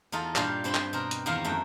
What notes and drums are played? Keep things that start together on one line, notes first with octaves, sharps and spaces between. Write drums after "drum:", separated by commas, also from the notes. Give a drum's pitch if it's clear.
E2 D#4 F4 A4
G2 A#2 G3 G4 F5, drum: clap
G2 C4 C5 G5 B5 C6
drum: clap
B2 C4 A#4
drum: hi-hat
E2 D#3 A#3 A#4 F5 C6
F#2 A3 F#4 G5